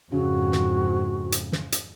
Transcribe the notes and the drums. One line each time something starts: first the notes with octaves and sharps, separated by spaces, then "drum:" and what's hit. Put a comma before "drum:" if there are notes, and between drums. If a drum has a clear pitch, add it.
F2 G#2 C#3 F#4
drum: snare
drum: hi-hat
drum: snare
drum: hi-hat